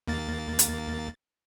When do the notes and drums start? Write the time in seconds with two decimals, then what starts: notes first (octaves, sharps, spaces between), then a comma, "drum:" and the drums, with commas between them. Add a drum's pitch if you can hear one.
0.07 D#2 A#3 A6
0.59 drum: hi-hat